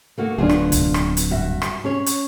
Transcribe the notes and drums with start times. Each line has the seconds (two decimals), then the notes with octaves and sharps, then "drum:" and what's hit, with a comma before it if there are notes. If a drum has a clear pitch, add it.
0.18 A3 A#3 F#4
0.38 D1 B3 D4 F4 G#4
0.49 drum: rim click
0.72 drum: kick, hi-hat
0.94 drum: rim click
1.17 drum: hi-hat
1.30 G2 F#4 E5
1.62 drum: rim click
1.84 C#4 G#4 C#5
2.06 drum: hi-hat